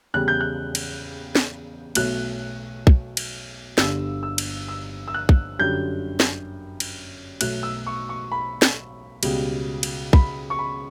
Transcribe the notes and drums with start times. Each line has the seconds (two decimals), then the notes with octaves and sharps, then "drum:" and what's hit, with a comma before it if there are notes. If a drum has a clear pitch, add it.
0.14 E2 C#3 G3 F#6
0.28 G6
0.41 F#6
0.75 drum: cymbal
1.35 drum: snare
1.95 B1 B2 F#3 A3 F#6, drum: cymbal
2.87 drum: kick
3.17 drum: cymbal
3.78 G1 G2 D3 E6, drum: snare
4.23 E6
4.38 drum: cymbal
4.68 E6
5.08 E6
5.14 F#6
5.29 drum: kick
5.59 F#2 D3 G3 G6
6.20 drum: snare
6.80 drum: cymbal
7.41 B1 B2 F#3 A3 F#6, drum: cymbal
7.63 E6
7.87 C#6
8.09 C#6
8.32 B5
8.62 drum: snare
9.23 C#2 B2 G3, drum: cymbal
9.83 drum: cymbal
10.13 B5, drum: kick
10.50 C#6
10.59 B5